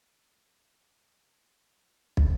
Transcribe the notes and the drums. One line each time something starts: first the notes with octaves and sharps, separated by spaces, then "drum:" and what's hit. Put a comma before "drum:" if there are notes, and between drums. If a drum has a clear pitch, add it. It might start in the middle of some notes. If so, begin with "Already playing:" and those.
Already playing: C#3 G#5
F#3 C#4
C#3 A5
F#3 C#4
D3
G#3 D4
D3 B5
G#3 D4
G#2
drum: kick